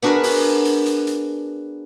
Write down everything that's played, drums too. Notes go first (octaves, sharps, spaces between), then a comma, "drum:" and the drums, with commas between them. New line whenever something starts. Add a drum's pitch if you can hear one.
B3 D4 F#4 G#4 A#4 B4
drum: open hi-hat
drum: hi-hat
drum: hi-hat
drum: hi-hat